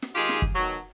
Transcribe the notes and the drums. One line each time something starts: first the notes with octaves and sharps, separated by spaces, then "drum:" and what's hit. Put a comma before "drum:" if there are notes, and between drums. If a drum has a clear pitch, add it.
drum: snare
D#3 G#3 D#4 F4 G4 G#4
drum: snare
drum: kick
G#2 B2 D#3 F#3